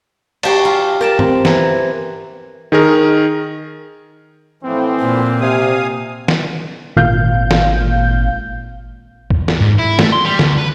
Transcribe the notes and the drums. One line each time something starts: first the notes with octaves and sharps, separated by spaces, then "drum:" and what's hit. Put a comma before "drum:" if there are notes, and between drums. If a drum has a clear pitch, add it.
F#4 G4 A5, drum: cymbal
F4
G4 A#4 D5 A5
C4, drum: tom
E3 A#5, drum: snare
D#3 G#4 A#4
A2 E3 F3 C4
A#2
C3 F5 G#5 D#6
drum: snare
G#1 A#2 F5 G6
drum: snare
drum: kick
drum: snare
G#2
E4
A3, drum: snare
C6
G3
D2, drum: snare
B4